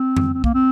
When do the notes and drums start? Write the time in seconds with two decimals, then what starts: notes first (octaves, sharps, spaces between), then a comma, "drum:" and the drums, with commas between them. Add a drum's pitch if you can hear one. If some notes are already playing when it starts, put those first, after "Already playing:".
Already playing: C4
0.17 drum: tom F2
0.34 C4
0.44 A#3, drum: kick
0.54 C4